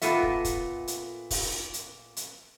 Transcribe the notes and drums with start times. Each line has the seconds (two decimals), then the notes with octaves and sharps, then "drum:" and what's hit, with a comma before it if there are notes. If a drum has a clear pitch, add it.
0.02 A#2 B3 A4 E5, drum: hi-hat
0.23 drum: kick
0.45 drum: kick, hi-hat
0.88 drum: hi-hat
1.31 drum: kick, open hi-hat
1.74 drum: hi-hat
2.17 drum: hi-hat